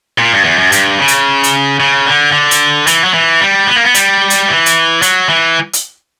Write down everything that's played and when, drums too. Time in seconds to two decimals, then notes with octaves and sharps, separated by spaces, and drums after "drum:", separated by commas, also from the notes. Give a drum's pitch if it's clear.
0.19 A#2
0.32 G2
0.44 E2
0.58 F#2
0.72 G2, drum: hi-hat
0.99 C#3
1.08 drum: hi-hat
1.44 drum: hi-hat
1.80 C#3
2.06 D3
2.33 D3
2.51 drum: hi-hat
2.87 E3, drum: hi-hat
3.04 F#3
3.14 E3
3.40 G3
3.67 B3
3.76 A#3
3.84 B3
3.94 G3, drum: hi-hat
4.30 drum: hi-hat
4.48 E3
4.66 drum: hi-hat
5.02 F#3, drum: hi-hat
5.29 E3
5.73 drum: hi-hat